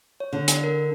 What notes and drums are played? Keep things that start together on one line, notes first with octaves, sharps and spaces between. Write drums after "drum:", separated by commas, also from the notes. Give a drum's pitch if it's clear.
C#5
D3
D4, drum: hi-hat
A#4